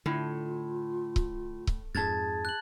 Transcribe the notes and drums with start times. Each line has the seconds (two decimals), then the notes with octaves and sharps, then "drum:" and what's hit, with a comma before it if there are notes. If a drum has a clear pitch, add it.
0.06 A2 D3 F4
1.16 drum: kick C#1
1.67 drum: kick C#1
1.95 F2 G#2 G#4 A5 G#6 A6
2.45 F#6 F#7